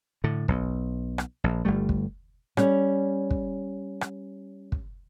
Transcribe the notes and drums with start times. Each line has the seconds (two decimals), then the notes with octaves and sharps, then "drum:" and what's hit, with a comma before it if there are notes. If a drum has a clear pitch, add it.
0.24 A2 D3
0.48 B1, drum: kick
1.18 drum: rim click
1.44 A#1
1.65 G1 G3 A3
1.89 drum: kick
2.57 G3 C#4, drum: rim click
3.31 drum: kick
4.01 drum: rim click
4.72 drum: kick